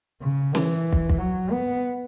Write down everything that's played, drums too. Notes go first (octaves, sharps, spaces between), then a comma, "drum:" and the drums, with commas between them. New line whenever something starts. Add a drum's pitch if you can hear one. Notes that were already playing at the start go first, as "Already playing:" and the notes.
C#3
E3, drum: snare
drum: kick
drum: kick
F#3
B3